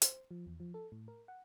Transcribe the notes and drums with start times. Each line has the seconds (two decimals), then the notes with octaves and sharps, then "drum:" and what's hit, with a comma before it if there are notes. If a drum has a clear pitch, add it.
0.02 C5, drum: hi-hat
0.31 F3
0.46 E2
0.60 F3
0.74 A4
0.92 A2
1.08 A#4
1.28 F#5